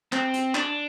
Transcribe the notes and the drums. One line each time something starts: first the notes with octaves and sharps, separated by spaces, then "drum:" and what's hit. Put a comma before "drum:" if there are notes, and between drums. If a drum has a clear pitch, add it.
C4, drum: clap
drum: hi-hat
D4, drum: clap